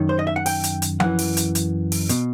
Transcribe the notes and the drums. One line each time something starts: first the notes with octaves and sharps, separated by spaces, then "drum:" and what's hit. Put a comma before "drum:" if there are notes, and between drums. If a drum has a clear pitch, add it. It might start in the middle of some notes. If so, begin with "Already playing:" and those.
Already playing: F#2 D#3
C5
D#5
E5
F#5
G5, drum: open hi-hat
drum: hi-hat
drum: hi-hat
F#2 E3 F#5, drum: tom F3
drum: open hi-hat
drum: hi-hat
drum: hi-hat
drum: open hi-hat
B2, drum: hi-hat